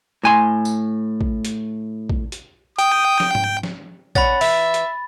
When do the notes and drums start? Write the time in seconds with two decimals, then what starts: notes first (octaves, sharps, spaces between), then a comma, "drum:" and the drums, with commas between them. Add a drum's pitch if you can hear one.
0.23 A2 G#5 C6
0.65 drum: tambourine
1.21 drum: kick
1.45 drum: hi-hat
2.10 drum: kick
2.32 drum: hi-hat
2.79 G5 D#6, drum: hi-hat
3.20 drum: snare
3.35 drum: tom G#2
3.63 drum: snare
4.15 C#4 F#5 B5 A6, drum: kick
4.41 E3 E5, drum: open hi-hat
4.74 drum: hi-hat